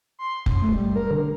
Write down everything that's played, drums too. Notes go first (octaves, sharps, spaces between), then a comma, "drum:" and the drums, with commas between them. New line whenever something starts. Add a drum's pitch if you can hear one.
C6
F#2, drum: kick F1
A3
G3
A#4
D3